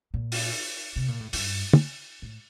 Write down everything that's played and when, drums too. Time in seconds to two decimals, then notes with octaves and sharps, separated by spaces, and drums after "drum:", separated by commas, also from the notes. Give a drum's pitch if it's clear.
0.14 A#2
0.32 drum: open hi-hat
0.96 C3
1.08 A#2
1.21 A2
1.33 G2, drum: open hi-hat
1.73 drum: tom
2.22 A2